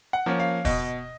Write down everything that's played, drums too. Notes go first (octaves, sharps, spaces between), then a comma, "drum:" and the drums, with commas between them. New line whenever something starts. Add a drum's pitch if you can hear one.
F#5
F3 A#3 C#4
F5
B2 D#5, drum: kick, open hi-hat